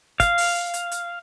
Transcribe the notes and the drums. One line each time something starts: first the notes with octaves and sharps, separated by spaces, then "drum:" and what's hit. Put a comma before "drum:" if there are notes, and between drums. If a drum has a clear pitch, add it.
F5, drum: kick, hi-hat
drum: open hi-hat
drum: hi-hat
drum: hi-hat